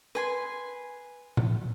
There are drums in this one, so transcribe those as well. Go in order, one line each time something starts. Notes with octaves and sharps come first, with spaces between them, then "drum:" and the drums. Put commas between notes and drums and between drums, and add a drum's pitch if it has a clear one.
B4 G#5 C6
drum: tom A2